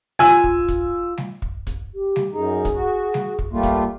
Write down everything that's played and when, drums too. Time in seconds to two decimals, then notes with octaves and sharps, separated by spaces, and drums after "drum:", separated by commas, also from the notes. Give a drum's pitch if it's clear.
0.19 F4 G#5 E6, drum: snare
0.44 drum: kick
0.68 drum: kick, hi-hat
1.18 drum: snare
1.42 drum: kick
1.67 drum: kick, hi-hat
1.95 G4
2.16 drum: snare
2.32 F#2 D#4 G#4
2.65 drum: kick, hi-hat
2.75 F#4
3.14 drum: snare
3.39 drum: kick
3.52 G3 A3 A#3 F4
3.63 drum: kick, hi-hat